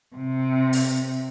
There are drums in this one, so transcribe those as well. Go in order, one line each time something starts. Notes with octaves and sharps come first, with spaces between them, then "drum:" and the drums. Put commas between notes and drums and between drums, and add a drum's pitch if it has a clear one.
C3
drum: open hi-hat